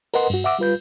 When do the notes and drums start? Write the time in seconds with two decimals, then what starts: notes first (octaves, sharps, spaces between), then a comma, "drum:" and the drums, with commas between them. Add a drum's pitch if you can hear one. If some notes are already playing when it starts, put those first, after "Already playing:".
0.14 A#4 B4 D#5 F#5 C6, drum: cymbal
0.30 G2 F#4, drum: cymbal
0.44 E5 F#5 D6 E6
0.59 G3 F4 B4 G6